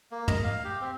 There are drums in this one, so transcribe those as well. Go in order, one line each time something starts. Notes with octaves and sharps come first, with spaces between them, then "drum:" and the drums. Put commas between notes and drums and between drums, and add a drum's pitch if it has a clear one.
A#3
D#5, drum: tom
F5
G4
C4